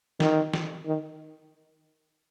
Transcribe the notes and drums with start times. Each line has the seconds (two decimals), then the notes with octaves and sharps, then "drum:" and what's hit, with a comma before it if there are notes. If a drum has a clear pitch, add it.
0.20 D#3, drum: snare
0.54 drum: snare
0.87 D#3